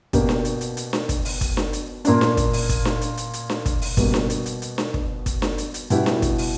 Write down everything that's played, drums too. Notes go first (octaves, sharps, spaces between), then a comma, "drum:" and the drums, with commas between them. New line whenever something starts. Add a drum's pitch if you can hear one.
B2 A#3 D4 G4, drum: kick, hi-hat
drum: snare D4
drum: hi-hat
drum: hi-hat
drum: hi-hat
drum: snare D4
drum: kick, hi-hat
drum: open hi-hat
drum: kick, hi-hat
drum: snare D4
drum: hi-hat
A#2 A#3 D4, drum: hi-hat
drum: snare D4
drum: kick, hi-hat
drum: open hi-hat
drum: kick, hi-hat
drum: snare D4
drum: hi-hat
drum: hi-hat
drum: hi-hat
drum: snare D4
drum: kick, hi-hat
drum: open hi-hat
B2 G3 A#3, drum: kick, hi-hat
drum: snare D4
drum: hi-hat
drum: hi-hat
drum: hi-hat
drum: snare D4
drum: kick
drum: kick, hi-hat
drum: snare D4
drum: hi-hat
drum: hi-hat
B2 G3 B3 E4 G4, drum: hi-hat
drum: snare D4
drum: kick, hi-hat
drum: open hi-hat